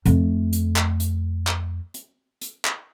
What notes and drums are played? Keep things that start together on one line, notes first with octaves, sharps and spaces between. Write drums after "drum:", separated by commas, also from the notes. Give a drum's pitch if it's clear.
F2 A3, drum: hi-hat
drum: hi-hat
drum: clap
drum: hi-hat
drum: clap
drum: hi-hat
drum: hi-hat
drum: clap